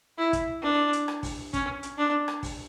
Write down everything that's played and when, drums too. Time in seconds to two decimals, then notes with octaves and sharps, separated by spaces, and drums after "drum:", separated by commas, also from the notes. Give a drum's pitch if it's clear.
0.18 E4
0.33 drum: kick, hi-hat
0.62 D4
0.93 drum: hi-hat
1.08 drum: rim click
1.23 drum: kick, open hi-hat
1.53 C#4, drum: kick, hi-hat
1.83 drum: hi-hat
1.98 D4
2.28 drum: rim click
2.43 drum: kick, open hi-hat